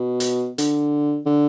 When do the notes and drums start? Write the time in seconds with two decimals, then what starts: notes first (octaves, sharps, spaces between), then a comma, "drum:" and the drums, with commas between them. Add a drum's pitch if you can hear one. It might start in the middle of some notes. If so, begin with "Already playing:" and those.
Already playing: B2
0.20 drum: hi-hat
0.58 D3, drum: hi-hat
1.26 D3